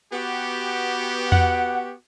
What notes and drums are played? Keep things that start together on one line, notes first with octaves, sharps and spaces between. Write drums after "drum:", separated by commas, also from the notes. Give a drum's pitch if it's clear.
B3 F#4 G4
F#5, drum: tom E2